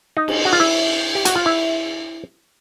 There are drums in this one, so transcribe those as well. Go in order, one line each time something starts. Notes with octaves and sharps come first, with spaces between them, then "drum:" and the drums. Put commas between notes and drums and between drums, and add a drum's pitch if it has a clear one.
D#4
drum: cymbal
F#4
F4
E4
G4
F#4, drum: hi-hat
F4
E4